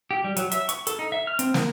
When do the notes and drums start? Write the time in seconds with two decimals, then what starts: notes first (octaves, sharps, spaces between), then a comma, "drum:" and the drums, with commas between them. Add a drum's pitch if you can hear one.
0.11 G4
0.24 G3
0.37 F#3, drum: hi-hat
0.52 E5, drum: hi-hat
0.69 C#6, drum: hi-hat
0.87 A4, drum: hi-hat
0.99 D#4
1.12 E5
1.27 F6
1.39 C4, drum: hi-hat
1.54 A#3, drum: snare